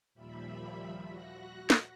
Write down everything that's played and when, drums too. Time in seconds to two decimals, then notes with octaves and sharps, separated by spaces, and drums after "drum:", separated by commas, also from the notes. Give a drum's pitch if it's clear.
0.14 D#2 A#2 F3 G3 E5 B5
1.06 F#4 F#6 A#6
1.70 drum: snare